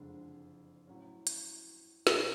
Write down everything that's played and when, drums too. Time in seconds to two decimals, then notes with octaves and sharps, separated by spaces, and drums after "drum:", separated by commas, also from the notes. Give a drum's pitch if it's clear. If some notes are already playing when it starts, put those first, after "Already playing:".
Already playing: F#1 F2 D3 G#3 D4
0.87 A2 F#3 C#4
1.27 drum: hi-hat
2.07 B1 B2 A3, drum: snare